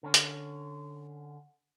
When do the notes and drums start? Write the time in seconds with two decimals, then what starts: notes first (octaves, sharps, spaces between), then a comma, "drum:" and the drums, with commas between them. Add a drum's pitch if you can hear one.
0.03 D3 C#4
0.14 drum: hi-hat